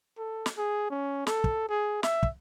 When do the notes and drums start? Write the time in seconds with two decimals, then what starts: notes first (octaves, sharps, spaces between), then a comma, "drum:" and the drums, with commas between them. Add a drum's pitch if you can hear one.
0.18 A4
0.46 drum: snare
0.57 G#4
0.90 C#4
1.27 A4, drum: snare
1.44 drum: kick
1.69 G#4
2.03 E5, drum: snare
2.23 drum: kick